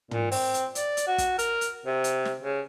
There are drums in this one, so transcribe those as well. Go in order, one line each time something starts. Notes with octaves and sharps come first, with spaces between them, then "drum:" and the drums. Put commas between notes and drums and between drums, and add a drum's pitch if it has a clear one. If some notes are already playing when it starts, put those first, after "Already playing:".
A#2, drum: tom
C4, drum: open hi-hat
drum: hi-hat
D5, drum: hi-hat
drum: hi-hat
F#4
drum: kick, hi-hat
A#4, drum: hi-hat
drum: hi-hat
C3
drum: hi-hat
drum: snare
C#3